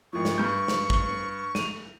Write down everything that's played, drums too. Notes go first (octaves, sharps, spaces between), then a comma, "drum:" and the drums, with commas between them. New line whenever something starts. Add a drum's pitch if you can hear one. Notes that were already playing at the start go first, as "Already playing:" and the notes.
G#1 F3 C#6
drum: snare
G2 G6
drum: snare
drum: kick G#1
D#7 F7, drum: snare